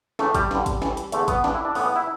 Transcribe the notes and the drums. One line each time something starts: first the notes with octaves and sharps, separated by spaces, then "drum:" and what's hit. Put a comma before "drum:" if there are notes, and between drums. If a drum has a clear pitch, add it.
A2 E3 A3, drum: snare
G3, drum: kick G#1, hi-hat
G2 D3, drum: snare
drum: kick G#1, hi-hat
A2 E3, drum: snare
drum: hi-hat
E2 D3 A3, drum: hi-hat
B3, drum: kick G#1, hi-hat
G2 E3 D4, drum: snare
E4
D4
A2 E3 B3, drum: open hi-hat
B3
E4